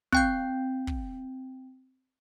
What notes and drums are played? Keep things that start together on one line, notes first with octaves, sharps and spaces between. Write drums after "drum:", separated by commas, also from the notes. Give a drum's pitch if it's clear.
C4 G5 G6, drum: kick
drum: kick